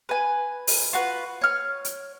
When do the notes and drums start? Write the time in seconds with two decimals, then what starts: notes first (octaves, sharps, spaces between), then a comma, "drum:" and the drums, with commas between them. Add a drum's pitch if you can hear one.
0.09 B4 G#5
0.67 drum: open hi-hat
0.93 F4 F#4 B4
1.41 C#5 F6
1.85 drum: hi-hat